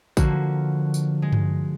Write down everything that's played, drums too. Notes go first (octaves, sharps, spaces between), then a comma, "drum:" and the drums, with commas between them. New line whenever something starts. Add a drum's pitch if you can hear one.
D3 F3 A#3 F#4, drum: kick, tambourine
drum: tambourine
G#3
drum: tom G2